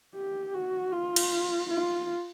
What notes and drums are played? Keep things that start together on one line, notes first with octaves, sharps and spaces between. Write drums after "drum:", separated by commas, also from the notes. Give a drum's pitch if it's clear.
G4
F#4
F4
drum: cymbal
F4